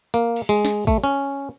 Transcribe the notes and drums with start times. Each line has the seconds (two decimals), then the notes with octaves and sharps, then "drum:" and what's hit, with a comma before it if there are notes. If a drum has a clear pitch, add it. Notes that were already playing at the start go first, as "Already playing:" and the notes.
0.14 A#3
0.36 drum: cymbal
0.49 G#3
0.65 drum: snare
0.87 A3, drum: kick
1.04 C#4